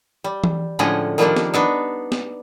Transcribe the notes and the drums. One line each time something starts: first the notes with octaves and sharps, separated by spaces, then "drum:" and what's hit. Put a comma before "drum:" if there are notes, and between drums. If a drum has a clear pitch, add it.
G3
drum: tom E3
A2 D3 F3 G#3 C#4 D#5
D#3 F3 G3 A#3 C4 D4
drum: snare
B3 D4 D#4
drum: snare